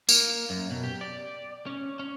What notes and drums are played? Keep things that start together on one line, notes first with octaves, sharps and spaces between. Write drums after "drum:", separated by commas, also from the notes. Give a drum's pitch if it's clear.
A#3, drum: tambourine
F#2
B2
G4
D5
C#4
C#4